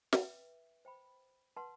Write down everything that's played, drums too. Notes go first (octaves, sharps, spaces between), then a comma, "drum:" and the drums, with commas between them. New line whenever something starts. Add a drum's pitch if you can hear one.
B4 E5 G5, drum: snare
C5 G5 B5
B4 F#5 A5 C6